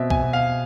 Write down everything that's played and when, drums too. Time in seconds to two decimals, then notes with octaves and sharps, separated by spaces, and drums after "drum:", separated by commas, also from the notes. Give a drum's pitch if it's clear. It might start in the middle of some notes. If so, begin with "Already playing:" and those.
Already playing: B2 C4 E5
0.10 G#5, drum: kick B1
0.22 B2
0.33 F5